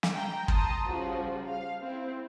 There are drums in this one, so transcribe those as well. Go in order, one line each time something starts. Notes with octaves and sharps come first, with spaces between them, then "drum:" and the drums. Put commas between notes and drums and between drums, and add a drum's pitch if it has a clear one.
drum: snare
G5 A#5
A5 A#5 C6 D#6, drum: kick
C#3 F3 G3 F#4
F5
C4 E4